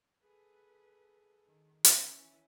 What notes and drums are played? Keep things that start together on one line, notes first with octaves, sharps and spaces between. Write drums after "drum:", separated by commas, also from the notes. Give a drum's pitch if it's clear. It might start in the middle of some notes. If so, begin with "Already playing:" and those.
G#4 A4 B4
D#3
E3 C#4 E4, drum: hi-hat